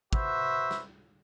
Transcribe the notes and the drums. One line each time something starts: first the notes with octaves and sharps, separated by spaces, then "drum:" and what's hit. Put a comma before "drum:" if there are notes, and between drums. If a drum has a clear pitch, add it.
F#4 B4 C5 E5, drum: kick
drum: snare